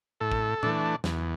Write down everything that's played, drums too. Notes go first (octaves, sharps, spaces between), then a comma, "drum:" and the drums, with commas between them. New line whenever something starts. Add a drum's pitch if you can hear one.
A2 A4
drum: kick
E3 A3 D4, drum: tom A#2
E2, drum: snare